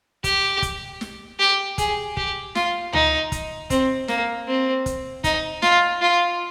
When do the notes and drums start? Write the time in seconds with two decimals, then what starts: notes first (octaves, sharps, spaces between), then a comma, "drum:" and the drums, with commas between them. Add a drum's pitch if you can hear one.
0.24 G4, drum: kick, hi-hat
0.62 drum: kick, hi-hat
1.01 drum: snare
1.39 G4
1.78 G#4, drum: kick, hi-hat
2.17 G4, drum: kick
2.55 F4, drum: snare
2.93 D#4, drum: tom C#2
3.32 drum: kick, hi-hat
3.70 C4, drum: kick, hi-hat
4.08 A#3, drum: snare
4.48 C4
4.86 drum: kick, hi-hat
5.24 D#4, drum: kick, hi-hat
5.62 F4, drum: snare
6.01 F4